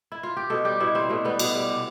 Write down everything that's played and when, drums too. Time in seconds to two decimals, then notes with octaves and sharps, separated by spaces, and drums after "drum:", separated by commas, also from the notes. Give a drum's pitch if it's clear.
0.12 E4
0.23 F4
0.37 G4
0.50 B2 A4
0.65 G3 G4
0.80 B2 E4
0.95 G3 C4
1.09 B2 A3
1.24 G3 B3
1.39 B2, drum: cymbal
1.55 G3
1.70 C3